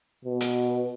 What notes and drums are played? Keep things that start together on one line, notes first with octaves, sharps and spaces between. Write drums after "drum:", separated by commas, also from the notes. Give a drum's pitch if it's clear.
B2
drum: hi-hat